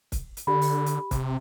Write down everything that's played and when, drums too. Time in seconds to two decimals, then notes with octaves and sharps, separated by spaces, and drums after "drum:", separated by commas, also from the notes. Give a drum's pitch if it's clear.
0.12 drum: kick, hi-hat
0.37 drum: hi-hat
0.47 D3 G4 B5
0.62 drum: open hi-hat
0.86 drum: hi-hat
1.11 C3, drum: kick, hi-hat